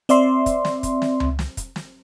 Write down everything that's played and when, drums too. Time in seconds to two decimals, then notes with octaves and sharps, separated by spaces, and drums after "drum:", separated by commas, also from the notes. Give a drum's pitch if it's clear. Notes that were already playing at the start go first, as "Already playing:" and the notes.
0.09 C4 D5 E5 C6, drum: hi-hat
0.46 drum: kick, hi-hat
0.65 drum: snare
0.83 drum: kick, hi-hat
1.02 drum: snare
1.20 drum: tom C#2
1.39 drum: snare
1.57 drum: kick, hi-hat
1.76 drum: snare